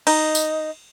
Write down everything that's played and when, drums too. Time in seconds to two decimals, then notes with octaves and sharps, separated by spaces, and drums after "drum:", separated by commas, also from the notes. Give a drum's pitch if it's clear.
0.07 D#4, drum: cymbal
0.35 drum: tambourine